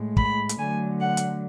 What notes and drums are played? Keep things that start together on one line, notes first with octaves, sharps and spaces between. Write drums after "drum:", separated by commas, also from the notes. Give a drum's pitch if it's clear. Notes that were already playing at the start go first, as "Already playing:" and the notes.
Already playing: A2 G#3
B5, drum: kick
drum: hi-hat
D3 F#3 A3 G#5
F#5
drum: hi-hat